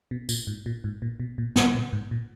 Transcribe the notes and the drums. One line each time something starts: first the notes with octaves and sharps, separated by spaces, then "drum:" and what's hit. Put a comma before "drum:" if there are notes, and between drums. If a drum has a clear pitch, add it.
B2
A#2, drum: tambourine
G#2
A#2
G#2
A#2
B2
A#2
G#2, drum: snare
A#2
G#2
A#2